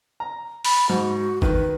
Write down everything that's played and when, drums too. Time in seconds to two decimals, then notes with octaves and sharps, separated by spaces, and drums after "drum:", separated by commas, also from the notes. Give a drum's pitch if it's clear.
0.20 A#5
0.65 B5, drum: open hi-hat
0.89 G#2 F#4
1.42 D#3 B4, drum: kick